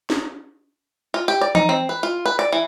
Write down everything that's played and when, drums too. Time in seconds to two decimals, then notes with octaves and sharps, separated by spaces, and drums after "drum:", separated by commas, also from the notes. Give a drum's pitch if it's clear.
0.10 drum: snare
1.14 F4
1.28 G4
1.41 D5
1.55 D#4, drum: tom E3
1.69 C4
1.89 B4
2.03 F4
2.26 B4
2.39 D5
2.53 E3